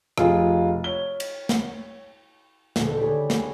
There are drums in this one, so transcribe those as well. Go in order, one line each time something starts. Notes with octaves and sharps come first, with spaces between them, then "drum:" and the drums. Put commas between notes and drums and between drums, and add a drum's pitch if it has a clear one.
F1 F4 G#4, drum: rim click
C#5 G7
drum: cymbal
drum: snare
D#1 D3, drum: snare
G4 G#4 B4 C#5 D5
C#4, drum: snare